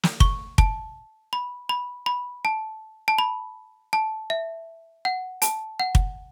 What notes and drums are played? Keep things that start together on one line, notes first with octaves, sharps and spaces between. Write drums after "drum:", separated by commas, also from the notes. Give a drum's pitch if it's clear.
drum: snare
C#6, drum: kick
A5, drum: kick
B5
B5
B5
A5
A5
B5
A5
E5
F#5
A5, drum: hi-hat
F#5
drum: kick